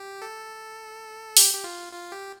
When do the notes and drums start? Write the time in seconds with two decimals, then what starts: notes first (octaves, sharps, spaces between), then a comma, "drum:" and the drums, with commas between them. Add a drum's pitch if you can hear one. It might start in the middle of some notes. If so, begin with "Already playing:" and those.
Already playing: G4
0.22 A4
1.37 G4, drum: open hi-hat
1.54 G4
1.64 F4
1.93 F4
2.12 G4